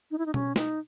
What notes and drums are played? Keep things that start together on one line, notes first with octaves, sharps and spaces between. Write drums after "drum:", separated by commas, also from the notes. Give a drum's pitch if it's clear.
D#4
E4
D#4
C#4, drum: tom B2
D#4, drum: snare